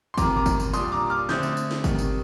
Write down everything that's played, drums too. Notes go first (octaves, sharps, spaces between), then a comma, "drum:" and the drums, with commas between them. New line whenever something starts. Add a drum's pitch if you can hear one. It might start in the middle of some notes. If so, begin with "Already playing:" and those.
C6
F2 C3 D#3 A#5 D6, drum: kick, tambourine
A#5 D6
drum: kick, tambourine
drum: tambourine
A#2 G3 D4 C6 D#6, drum: tambourine
A#5 D6
D6 F6
D3 A3 C4 D#6 G6, drum: snare
drum: tambourine
drum: tambourine
drum: snare
C3 D#3 G3, drum: kick, tambourine
drum: tambourine